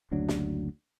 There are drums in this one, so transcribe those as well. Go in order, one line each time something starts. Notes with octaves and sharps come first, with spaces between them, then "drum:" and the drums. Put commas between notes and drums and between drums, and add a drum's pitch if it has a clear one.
F#1 D2 F#3 D4
drum: snare